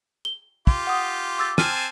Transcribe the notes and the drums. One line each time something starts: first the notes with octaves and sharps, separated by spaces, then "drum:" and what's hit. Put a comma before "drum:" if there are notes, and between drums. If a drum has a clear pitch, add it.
G7
F4 G4, drum: kick
F#5 D#6
D6 E6 A6
C4 G#5 A5 F6 D#7, drum: snare